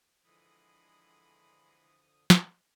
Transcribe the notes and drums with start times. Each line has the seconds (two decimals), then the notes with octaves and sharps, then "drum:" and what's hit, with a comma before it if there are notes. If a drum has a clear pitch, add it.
0.25 D3 E3 F3 G#3 B5 D#6
2.30 drum: snare